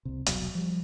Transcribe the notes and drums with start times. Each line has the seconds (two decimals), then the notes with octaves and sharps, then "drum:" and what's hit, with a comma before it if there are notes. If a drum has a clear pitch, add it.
0.05 C2 C3
0.26 E1 C2 B2 F#3, drum: hi-hat
0.55 F3 G3